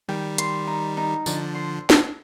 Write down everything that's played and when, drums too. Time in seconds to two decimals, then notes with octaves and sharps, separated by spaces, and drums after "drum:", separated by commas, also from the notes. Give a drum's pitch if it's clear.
0.08 D#3 G3 G5
0.38 C6, drum: hi-hat
0.67 D#4
0.97 D#4
1.26 D3 F3 D5, drum: tambourine
1.55 C6
1.90 drum: snare